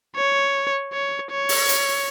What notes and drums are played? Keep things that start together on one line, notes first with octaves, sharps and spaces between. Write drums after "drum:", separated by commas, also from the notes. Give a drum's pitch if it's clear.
C#5
C#5
C#5
drum: open hi-hat
drum: hi-hat